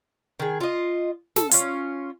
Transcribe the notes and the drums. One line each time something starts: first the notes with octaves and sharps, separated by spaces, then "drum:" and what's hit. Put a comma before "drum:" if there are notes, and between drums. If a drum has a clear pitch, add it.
D#3 G#4
F4 D#5
A4, drum: snare
C#4 F4, drum: hi-hat